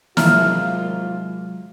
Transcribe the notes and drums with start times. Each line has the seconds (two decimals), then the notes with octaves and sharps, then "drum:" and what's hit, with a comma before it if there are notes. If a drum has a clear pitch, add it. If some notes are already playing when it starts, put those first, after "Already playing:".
0.17 D#2 C3 F#3 G#3 A#3 F4 E5 F6, drum: snare